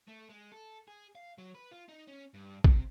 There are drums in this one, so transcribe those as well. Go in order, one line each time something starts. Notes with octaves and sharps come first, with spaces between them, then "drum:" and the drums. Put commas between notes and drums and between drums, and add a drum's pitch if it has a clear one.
A3
G#3
A4
G#4
F5
F#3
B4
F4
D#4
C#4
G2
C3, drum: kick A#1